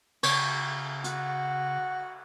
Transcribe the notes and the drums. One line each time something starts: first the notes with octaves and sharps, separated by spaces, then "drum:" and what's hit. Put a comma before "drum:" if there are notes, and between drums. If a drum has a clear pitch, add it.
C#3 C#5, drum: cymbal
F#4 F#5, drum: hi-hat